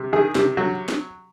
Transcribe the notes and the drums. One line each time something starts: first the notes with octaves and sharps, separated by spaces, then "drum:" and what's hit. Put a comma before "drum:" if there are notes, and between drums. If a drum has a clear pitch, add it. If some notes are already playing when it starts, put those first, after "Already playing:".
Already playing: C3
D#3 G#4
C3, drum: snare
F#3 F#4
drum: snare